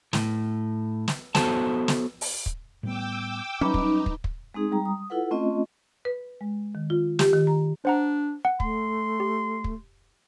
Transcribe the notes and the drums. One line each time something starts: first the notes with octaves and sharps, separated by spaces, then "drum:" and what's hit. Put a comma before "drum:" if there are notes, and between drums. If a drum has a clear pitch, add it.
A2, drum: snare
drum: snare
B3 F#4 A4 C5 A5, drum: snare
drum: snare
drum: open hi-hat
drum: kick
A2 G3 B3 G5 D6 E6
F#3 G3 C#4 D#4 B4 A#5 D6
drum: kick
drum: kick
drum: kick
G#3 C4 D#4 G#4
G3 A#5
D#6
E4 F4 A4 B4 F#5
A3 C4 C#4 F4 D#5
B4
G#3
D#3
F4
G4, drum: snare
D#3
A#5
D4 C5 F#5 A#5
F#5
A3 C6, drum: kick
G4
drum: kick